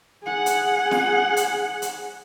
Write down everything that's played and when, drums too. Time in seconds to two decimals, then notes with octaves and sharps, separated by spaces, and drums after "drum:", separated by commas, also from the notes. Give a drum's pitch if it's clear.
0.23 G#4 F#5
0.46 drum: hi-hat
0.91 drum: snare
1.37 drum: hi-hat
1.82 drum: hi-hat